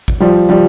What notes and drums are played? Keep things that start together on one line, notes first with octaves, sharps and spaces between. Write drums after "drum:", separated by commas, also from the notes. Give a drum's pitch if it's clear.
drum: kick
F3 G3
F3 G3